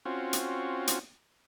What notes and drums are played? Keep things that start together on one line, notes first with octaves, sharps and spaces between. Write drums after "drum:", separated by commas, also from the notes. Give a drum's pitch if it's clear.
C4 C#4 F4 F#4
drum: hi-hat
drum: hi-hat